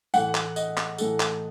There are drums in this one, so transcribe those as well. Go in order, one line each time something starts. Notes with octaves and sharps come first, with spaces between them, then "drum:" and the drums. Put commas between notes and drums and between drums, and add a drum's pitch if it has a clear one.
A2 E3 A3 F#5, drum: tambourine
drum: clap
D#5, drum: tambourine
drum: clap
A2 E3 A3 A4, drum: tambourine
drum: clap